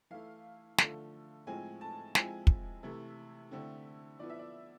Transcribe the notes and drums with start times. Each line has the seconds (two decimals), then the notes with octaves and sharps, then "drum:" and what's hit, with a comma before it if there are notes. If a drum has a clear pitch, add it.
0.10 E3 A3 E4 F5
0.78 D3 F3 A3, drum: snare
1.47 A2 F3 G#3 C4 G#5
1.81 A5
2.15 F3 G#3 C4 E4 G#5, drum: snare
2.47 drum: kick
2.83 C3 E3 A3 E4
3.51 D3 A3 C4 E4
4.19 F3 B3 E4 D5
4.29 E5
4.39 D5